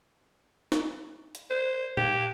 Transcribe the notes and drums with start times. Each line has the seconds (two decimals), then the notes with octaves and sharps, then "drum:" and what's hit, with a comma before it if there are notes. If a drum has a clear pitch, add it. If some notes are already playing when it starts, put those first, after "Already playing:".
0.72 drum: snare
1.35 drum: hi-hat
1.50 C5
1.97 G4, drum: tom A#2